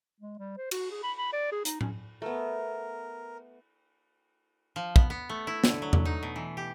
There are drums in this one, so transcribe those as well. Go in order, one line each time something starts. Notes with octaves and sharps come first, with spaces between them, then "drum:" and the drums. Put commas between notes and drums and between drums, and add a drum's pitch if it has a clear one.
G#3
G3
C5
F#4, drum: cymbal
G#4
B5
B5
D5
G#4
D#4, drum: hi-hat
C#4, drum: tom A2
A3 B3 A#4
F3
B3, drum: kick
B3
A3
E4
D3, drum: snare
F#3
drum: tom E2
D#4
B2
E3
G4